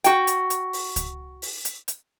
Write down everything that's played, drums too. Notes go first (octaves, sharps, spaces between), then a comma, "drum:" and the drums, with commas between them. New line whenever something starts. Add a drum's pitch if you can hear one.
F#4 G5, drum: hi-hat
drum: hi-hat
drum: hi-hat
drum: open hi-hat
drum: kick C#2, hi-hat
drum: open hi-hat
drum: hi-hat
drum: hi-hat